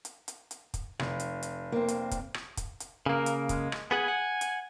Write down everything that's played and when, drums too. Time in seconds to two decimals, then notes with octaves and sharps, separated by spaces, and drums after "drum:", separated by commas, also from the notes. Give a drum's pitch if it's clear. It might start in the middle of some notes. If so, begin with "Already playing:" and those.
0.05 drum: hi-hat
0.28 drum: hi-hat
0.51 drum: hi-hat
0.74 drum: kick, hi-hat
1.00 F1, drum: rim click
1.20 drum: hi-hat
1.43 drum: hi-hat
1.72 A#3 C4
1.88 drum: hi-hat
2.11 drum: kick, hi-hat
2.34 drum: rim click
2.57 drum: kick, hi-hat
2.80 drum: hi-hat
3.06 C#3 A#3 A#4
3.26 drum: hi-hat
3.49 G#3, drum: kick, hi-hat
3.72 drum: rim click
3.91 B3 G#4 F#5 G#5
4.08 F#5
4.41 drum: hi-hat